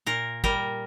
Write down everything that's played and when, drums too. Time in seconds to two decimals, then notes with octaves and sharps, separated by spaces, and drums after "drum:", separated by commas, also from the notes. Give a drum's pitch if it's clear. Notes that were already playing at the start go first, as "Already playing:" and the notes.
0.06 A#2 A#4
0.44 G3 A#4, drum: kick